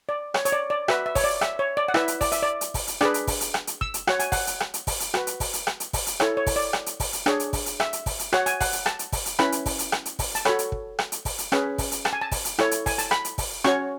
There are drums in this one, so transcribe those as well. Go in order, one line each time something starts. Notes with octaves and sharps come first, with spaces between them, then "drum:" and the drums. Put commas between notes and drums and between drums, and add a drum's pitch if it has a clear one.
D5
C#5, drum: rim click
C#5, drum: hi-hat
D5
D5
F#4 B4 E5, drum: rim click
E5
C#5, drum: kick, open hi-hat
D5
E5, drum: rim click
C#5
D5
F#5
E4 B4 E5, drum: rim click
drum: hi-hat
D5, drum: kick, open hi-hat
E5, drum: hi-hat
D5
drum: hi-hat
drum: kick, open hi-hat
drum: hi-hat
D4 G#4 B4 D5, drum: rim click
drum: hi-hat
drum: kick, open hi-hat
drum: hi-hat
drum: rim click
drum: hi-hat
E6, drum: kick
drum: hi-hat
F#4 C#5 F#5, drum: rim click
G#5, drum: hi-hat
F#5, drum: kick, open hi-hat
drum: hi-hat
drum: rim click
drum: hi-hat
drum: kick, open hi-hat
drum: hi-hat
F#4 B4, drum: rim click
drum: hi-hat
drum: kick, open hi-hat
drum: hi-hat
drum: rim click
drum: hi-hat
drum: kick, open hi-hat
drum: hi-hat
E4 A4 C#5, drum: rim click
C#5
drum: kick, open hi-hat
D5
drum: rim click
drum: hi-hat
drum: kick, open hi-hat
drum: hi-hat
D4 G#4 C#5, drum: rim click
drum: hi-hat
drum: kick, open hi-hat
drum: hi-hat
E5, drum: rim click
drum: hi-hat
drum: kick, open hi-hat
drum: hi-hat
F#4 C#5 F#5, drum: rim click
G#5, drum: hi-hat
F#5, drum: kick, open hi-hat
drum: hi-hat
A5, drum: rim click
drum: hi-hat
drum: kick, open hi-hat
drum: hi-hat
C#4 E4 B4 B5, drum: rim click
drum: hi-hat
drum: kick, open hi-hat
drum: hi-hat
drum: rim click
drum: hi-hat
drum: kick, open hi-hat
A5, drum: hi-hat
F#4 A4 C#5 B5, drum: rim click
drum: hi-hat
drum: kick
drum: rim click
drum: hi-hat
drum: kick, open hi-hat
drum: hi-hat
C#4 G#4 B4, drum: rim click
drum: kick, open hi-hat
drum: hi-hat
A5, drum: rim click
G#5
A5
drum: kick, open hi-hat
drum: hi-hat
E4 A4 C#5, drum: rim click
drum: hi-hat
G#5, drum: kick, open hi-hat
A5, drum: hi-hat
B5, drum: rim click
drum: hi-hat
drum: kick, open hi-hat
C#4 F#4 C#5 C#6, drum: rim click